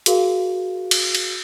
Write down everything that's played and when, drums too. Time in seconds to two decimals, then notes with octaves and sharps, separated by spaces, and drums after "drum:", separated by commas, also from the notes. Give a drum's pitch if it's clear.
0.06 F#4 G#4 A#4 F5, drum: hi-hat
0.91 drum: cymbal
1.15 drum: cymbal